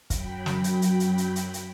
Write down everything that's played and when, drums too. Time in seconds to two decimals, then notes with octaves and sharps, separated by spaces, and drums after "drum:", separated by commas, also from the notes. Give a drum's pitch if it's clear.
0.10 F#2 F#3 G5 B5, drum: kick, hi-hat
0.46 drum: snare
0.64 drum: hi-hat
0.82 drum: hi-hat
1.00 drum: hi-hat
1.18 drum: hi-hat
1.36 drum: hi-hat
1.54 drum: hi-hat